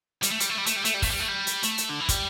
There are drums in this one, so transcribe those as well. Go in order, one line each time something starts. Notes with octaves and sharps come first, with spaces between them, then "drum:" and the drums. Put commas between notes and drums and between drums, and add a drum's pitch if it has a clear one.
G3, drum: hi-hat
A3
G3, drum: hi-hat
A3
G3
A3, drum: hi-hat
G3
A3, drum: hi-hat
G3
A3, drum: kick, open hi-hat
G3
A3
G3
drum: hi-hat
A3, drum: hi-hat
drum: hi-hat
D3
E3
G3, drum: kick, hi-hat